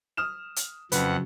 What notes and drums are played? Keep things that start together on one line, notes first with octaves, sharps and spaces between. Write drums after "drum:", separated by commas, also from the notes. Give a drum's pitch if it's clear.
D#6 F6 E7
drum: hi-hat
F2 C#3 F#3 B4 F#5, drum: hi-hat